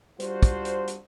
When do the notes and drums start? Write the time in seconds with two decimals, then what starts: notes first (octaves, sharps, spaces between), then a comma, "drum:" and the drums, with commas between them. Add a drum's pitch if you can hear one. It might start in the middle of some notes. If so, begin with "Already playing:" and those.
0.20 G3 D4 F4 F#4 C5, drum: hi-hat
0.43 drum: kick, hi-hat
0.65 drum: hi-hat
0.88 drum: hi-hat